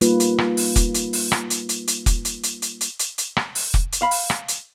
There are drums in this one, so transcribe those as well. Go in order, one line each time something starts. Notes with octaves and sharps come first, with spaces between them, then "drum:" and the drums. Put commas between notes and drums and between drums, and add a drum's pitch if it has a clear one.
G3 A#3 D#4 F4 B4, drum: hi-hat
drum: hi-hat
drum: rim click
drum: open hi-hat
drum: kick, hi-hat
drum: hi-hat
drum: open hi-hat
drum: rim click
drum: hi-hat
drum: hi-hat
drum: hi-hat
drum: kick, hi-hat
drum: hi-hat
drum: hi-hat
drum: hi-hat
drum: hi-hat
drum: hi-hat
drum: hi-hat
drum: rim click
drum: open hi-hat
drum: kick
drum: hi-hat
F5 B5
drum: open hi-hat
drum: rim click
drum: hi-hat